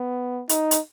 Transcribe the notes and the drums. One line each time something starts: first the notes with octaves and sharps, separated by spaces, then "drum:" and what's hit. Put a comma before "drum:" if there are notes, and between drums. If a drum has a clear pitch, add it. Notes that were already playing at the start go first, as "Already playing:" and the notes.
Already playing: B3
D#4, drum: hi-hat
drum: hi-hat